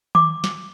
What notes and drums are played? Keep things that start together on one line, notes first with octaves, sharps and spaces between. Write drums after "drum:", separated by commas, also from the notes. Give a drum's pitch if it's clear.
D6, drum: tom D#3
drum: snare